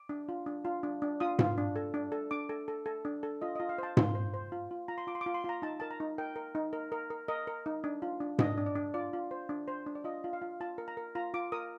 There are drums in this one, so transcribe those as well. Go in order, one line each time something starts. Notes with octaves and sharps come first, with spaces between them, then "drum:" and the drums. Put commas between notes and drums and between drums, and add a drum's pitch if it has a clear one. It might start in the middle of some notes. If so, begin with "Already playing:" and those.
Already playing: D6
D4
F4
D4
F4
D4
D4
F4 D#6
F4, drum: tom G#2
D4
A4
D4
A4
D4 D6
A4
A4
A4
D4
A4
F4 D#5
F4 D#5
F5
C5 A5
F4 C6, drum: tom G#2
C5
C5
F4
F4
F4 A#5
C6
F4 D6
C6
D6
F4
C6
F4 A#5
D#4 A5
A#4 A5
A#5
D#4
A#4 G5
A#4
D#4
A#4
A#4
A#4
A#4 D#5
A#4
D#4
D4
F4
D4
D4 D#5, drum: tom G#2
D4
D5
D4
F4 D5
F4
C5
D4
C5
D4
D5
F4 D#5
F4
F5
F4
F4 A5
A#4
A#5
A#4
F4 A#5
F4 D6
A#4 D#6